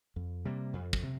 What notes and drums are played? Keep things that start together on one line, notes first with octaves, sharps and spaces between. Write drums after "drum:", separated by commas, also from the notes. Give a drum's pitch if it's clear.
F2
C3 G3 A#3
F2
drum: kick
C3